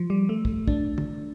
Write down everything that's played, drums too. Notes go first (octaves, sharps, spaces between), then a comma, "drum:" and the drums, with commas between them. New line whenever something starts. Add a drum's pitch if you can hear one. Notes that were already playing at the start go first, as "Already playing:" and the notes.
Already playing: F3
G3
A3
drum: kick
D4, drum: kick
drum: tom